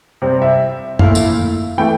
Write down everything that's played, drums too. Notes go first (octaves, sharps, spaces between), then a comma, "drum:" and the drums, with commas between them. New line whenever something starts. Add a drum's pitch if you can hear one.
C3 G3 C4
E5
A#2 A3 E4 F5, drum: tom
drum: tambourine
E3 A3 G5